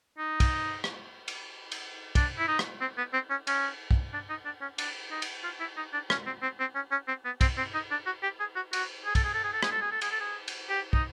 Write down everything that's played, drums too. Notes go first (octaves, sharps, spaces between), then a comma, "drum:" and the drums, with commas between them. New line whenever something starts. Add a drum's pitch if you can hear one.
D#4
drum: kick, cymbal
drum: rim click
drum: cymbal
drum: cymbal
D4, drum: kick, cymbal
E4
D#4
drum: rim click
C4
B3
C4
C#4
C#4, drum: cymbal
drum: kick
D4
D#4
D4
C#4
D4, drum: cymbal
D#4
drum: cymbal
F4
E4
D#4
D4
C#4, drum: rim click
C4
C4
C4
C#4
C#4
C4
B3
C4, drum: kick, cymbal
C4
D#4
D4
F#4
G4
G#4
F#4
F#4, drum: cymbal
G#4
A4, drum: kick, cymbal
G#4
A4
G#4
A4
G#4, drum: rim click
A4
G#4
A4
G#4, drum: cymbal
A4
G#4
drum: cymbal
G4
D#4, drum: kick